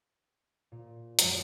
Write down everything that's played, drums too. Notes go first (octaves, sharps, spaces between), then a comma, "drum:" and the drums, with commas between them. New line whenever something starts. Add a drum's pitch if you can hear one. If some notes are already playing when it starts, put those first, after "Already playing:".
A#2
F#2 F3 G#3 C4, drum: hi-hat